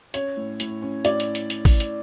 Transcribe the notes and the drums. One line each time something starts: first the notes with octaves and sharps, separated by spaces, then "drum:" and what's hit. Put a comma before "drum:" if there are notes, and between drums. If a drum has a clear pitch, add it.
C#4 C#5, drum: hi-hat
A2
A2, drum: hi-hat
C#4
A2 D5, drum: hi-hat
drum: hi-hat
drum: hi-hat
drum: hi-hat
drum: kick, open hi-hat
drum: hi-hat